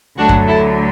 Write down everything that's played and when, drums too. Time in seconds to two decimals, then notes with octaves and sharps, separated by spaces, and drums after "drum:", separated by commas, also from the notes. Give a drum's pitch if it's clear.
0.18 D2 D3 F#3 A3 D4 F#4
0.29 drum: kick F#2
0.47 E4 A4